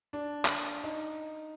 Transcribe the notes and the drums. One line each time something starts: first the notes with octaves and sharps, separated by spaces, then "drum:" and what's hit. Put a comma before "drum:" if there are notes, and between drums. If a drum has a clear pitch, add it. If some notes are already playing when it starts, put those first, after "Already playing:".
D4
drum: clap
D#4